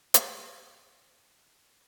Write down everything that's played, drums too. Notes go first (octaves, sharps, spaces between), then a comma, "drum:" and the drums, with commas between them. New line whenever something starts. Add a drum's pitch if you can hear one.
C#5 D#6 A#6, drum: hi-hat